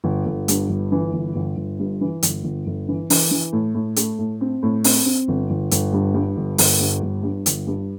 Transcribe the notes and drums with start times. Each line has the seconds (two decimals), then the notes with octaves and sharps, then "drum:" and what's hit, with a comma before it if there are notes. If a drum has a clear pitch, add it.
0.04 G1
0.26 G1
0.48 G2, drum: hi-hat
0.69 G1
0.92 E3
1.13 G1
1.35 G1
1.57 G1
1.79 G2
2.01 E3
2.23 G1, drum: hi-hat
2.44 G1
2.66 G1
2.88 E3
3.10 E3, drum: open hi-hat
3.31 E3
3.53 A2
3.75 A2
3.96 A3, drum: hi-hat
4.19 A2
4.41 C4
4.63 A2
4.84 C4, drum: open hi-hat
5.05 C4
5.28 G1
5.50 G1
5.71 G1, drum: hi-hat
5.92 G2
6.14 G2
6.37 G1
6.58 G1, drum: open hi-hat
6.81 G2
7.02 G1
7.23 G2
7.46 G1, drum: hi-hat
7.67 G2